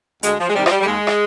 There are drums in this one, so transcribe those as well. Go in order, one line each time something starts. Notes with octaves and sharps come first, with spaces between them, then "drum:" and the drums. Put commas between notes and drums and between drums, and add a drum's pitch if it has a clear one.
D2 G#3, drum: hi-hat
F3
G#3
C3 D#3 G3
F3, drum: rim click
G3
G3
D#2 G#3
drum: rim click